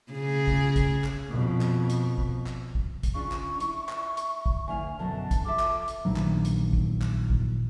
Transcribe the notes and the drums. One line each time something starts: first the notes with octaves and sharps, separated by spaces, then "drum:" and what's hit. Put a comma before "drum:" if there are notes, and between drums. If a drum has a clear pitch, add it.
C#3 G#4
drum: kick
drum: kick, hi-hat
drum: clap
F2 B2
drum: clap
drum: hi-hat
drum: kick
drum: clap
drum: kick
drum: kick, hi-hat
C#3 D4 F4 C#6
drum: clap
E4, drum: hi-hat
drum: clap
drum: hi-hat
drum: kick
D2 E4 F5 G#5
F#2 B2 D3 A5
drum: kick, hi-hat
F4 A4 E5 D6
drum: clap
drum: hi-hat
A#1 D#3 F#3
drum: clap
drum: hi-hat
drum: kick
drum: clap
drum: kick